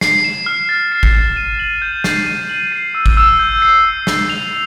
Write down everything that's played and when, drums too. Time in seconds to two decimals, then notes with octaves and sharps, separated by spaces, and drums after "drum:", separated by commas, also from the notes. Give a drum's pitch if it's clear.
0.01 C7, drum: snare
0.24 E7
0.46 F6
0.69 A6
0.92 C7
1.03 drum: kick
1.14 E7
1.37 D#7
1.59 F#7
1.82 G6
2.04 C7, drum: snare
2.27 D#7
2.49 F#7
2.72 C7
2.95 E6
3.06 drum: kick
3.17 E6
3.39 G6
3.62 C7
3.85 E6
4.07 C7, drum: snare
4.30 F7